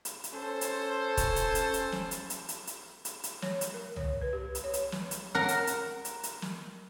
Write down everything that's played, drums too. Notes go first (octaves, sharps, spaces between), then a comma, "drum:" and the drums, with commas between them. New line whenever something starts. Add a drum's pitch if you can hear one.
drum: hi-hat
drum: hi-hat
C#4 A4 C5
drum: hi-hat
drum: kick D#1, hi-hat
drum: hi-hat
drum: hi-hat
drum: hi-hat
drum: snare
drum: hi-hat
drum: hi-hat
drum: hi-hat
drum: hi-hat
drum: hi-hat
drum: hi-hat
C#5, drum: snare
drum: hi-hat
A#4
C#5, drum: tom C2
B4
G4
drum: hi-hat
C#5
drum: hi-hat
drum: snare
drum: hi-hat
A#4 F#5
drum: hi-hat
drum: hi-hat
drum: hi-hat
drum: hi-hat
drum: snare